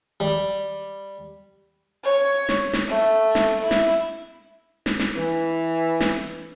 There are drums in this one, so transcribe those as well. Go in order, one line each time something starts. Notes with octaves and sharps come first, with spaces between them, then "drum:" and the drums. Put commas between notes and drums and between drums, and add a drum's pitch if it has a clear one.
G3
C#5
drum: snare
drum: snare
A3
drum: snare
E4
drum: snare
drum: snare
drum: snare
E3
drum: snare